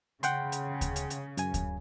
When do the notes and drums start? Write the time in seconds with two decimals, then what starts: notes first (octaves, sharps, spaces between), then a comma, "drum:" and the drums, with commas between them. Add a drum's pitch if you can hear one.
0.23 C#3 F#5 G5 C6, drum: hi-hat
0.52 drum: hi-hat
0.81 drum: kick D2, hi-hat
0.96 drum: hi-hat
1.10 drum: hi-hat
1.37 F#2 G#5, drum: hi-hat
1.54 drum: kick D2, hi-hat